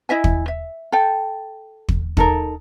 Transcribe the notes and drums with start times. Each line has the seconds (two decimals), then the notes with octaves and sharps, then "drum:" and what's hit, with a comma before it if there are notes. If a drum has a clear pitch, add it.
0.09 E4 D#5 E5 G#5
0.24 drum: kick
0.48 E5
0.92 A4 G5
1.89 drum: kick
2.17 D#4 A4 A#4, drum: kick